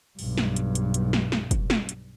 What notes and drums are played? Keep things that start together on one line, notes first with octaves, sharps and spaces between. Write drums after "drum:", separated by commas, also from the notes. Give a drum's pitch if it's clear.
B1 G2, drum: open hi-hat
drum: snare
drum: hi-hat
drum: hi-hat
drum: hi-hat
drum: snare
drum: snare
drum: kick, hi-hat
drum: snare
drum: hi-hat